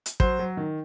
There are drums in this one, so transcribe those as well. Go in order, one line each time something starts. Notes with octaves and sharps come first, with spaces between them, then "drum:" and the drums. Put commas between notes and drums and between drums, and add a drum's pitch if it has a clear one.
drum: hi-hat
F#3 C5, drum: kick
F#3
D#3